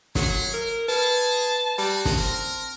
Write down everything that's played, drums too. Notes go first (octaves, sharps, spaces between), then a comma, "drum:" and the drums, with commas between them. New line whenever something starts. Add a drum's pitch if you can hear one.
F#3 G#4, drum: snare
A#4
G#4 B4 A5
G3 F#4 A5
drum: snare
C4 A#4